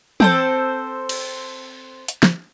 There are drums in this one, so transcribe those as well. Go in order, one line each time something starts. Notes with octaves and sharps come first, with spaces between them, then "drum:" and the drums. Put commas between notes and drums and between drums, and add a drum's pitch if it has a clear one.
C4 A4 C5, drum: tom
drum: cymbal
drum: hi-hat
drum: snare